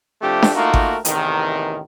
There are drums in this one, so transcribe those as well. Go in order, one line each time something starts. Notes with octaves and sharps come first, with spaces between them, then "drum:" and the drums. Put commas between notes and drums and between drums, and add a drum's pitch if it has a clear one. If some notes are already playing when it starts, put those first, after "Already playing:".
C3 F3 A3 D4 G4
drum: snare D4
A3 A#3 D#4 F4 F#4 A#4
drum: kick G#1
A1 E2 C3 D#3, drum: hi-hat